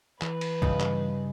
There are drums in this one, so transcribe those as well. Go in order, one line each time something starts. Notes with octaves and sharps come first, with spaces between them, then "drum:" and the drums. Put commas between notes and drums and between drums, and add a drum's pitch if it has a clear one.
E3 B4, drum: clap
drum: cymbal
G2 C#3 D#4, drum: kick
drum: clap